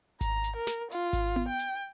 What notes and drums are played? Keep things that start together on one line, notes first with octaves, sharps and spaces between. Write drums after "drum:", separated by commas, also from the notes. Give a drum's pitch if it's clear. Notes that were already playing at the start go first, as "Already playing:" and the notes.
A#5, drum: kick G#1, hi-hat
drum: hi-hat
A#4
drum: snare
F4, drum: hi-hat
drum: kick G#1, hi-hat
drum: tom B3
G5
drum: hi-hat